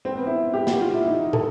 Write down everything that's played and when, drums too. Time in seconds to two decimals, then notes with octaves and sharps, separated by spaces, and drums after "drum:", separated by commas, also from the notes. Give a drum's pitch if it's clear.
0.05 C4
0.15 B3
0.27 E4
0.54 G4
0.67 F#4, drum: snare
0.81 F4
0.94 E4
1.06 D#4
1.33 A4, drum: tom